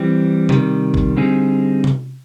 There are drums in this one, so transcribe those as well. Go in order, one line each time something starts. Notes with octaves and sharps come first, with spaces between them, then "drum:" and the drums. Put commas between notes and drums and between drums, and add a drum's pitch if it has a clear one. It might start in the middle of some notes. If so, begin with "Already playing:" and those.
Already playing: E3 G3 C4
C3 D#3 G3, drum: tom C3
drum: kick
D3 G3 C4 D#4 G#4
drum: tom C3